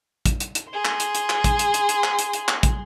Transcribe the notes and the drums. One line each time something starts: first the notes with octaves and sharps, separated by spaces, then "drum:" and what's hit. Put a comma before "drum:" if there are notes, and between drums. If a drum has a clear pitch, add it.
drum: kick, hi-hat
drum: hi-hat
drum: hi-hat
G#4 C6
drum: clap
drum: hi-hat
drum: hi-hat
drum: clap
drum: kick, hi-hat
drum: hi-hat
drum: hi-hat
drum: hi-hat
drum: clap
drum: hi-hat
drum: hi-hat
drum: clap
drum: kick, hi-hat